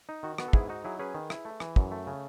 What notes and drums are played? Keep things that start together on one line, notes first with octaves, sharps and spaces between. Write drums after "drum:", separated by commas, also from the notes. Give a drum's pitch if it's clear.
D#4
D#3 F#4
B3 F#4, drum: rim click
A4
G#2 E4 G#4, drum: kick
D#4 F#4
F#3 E4 G#4
C#4 G#4 B4
D#3
E4, drum: rim click
A3
E3, drum: rim click
F#2, drum: kick
A3
C#3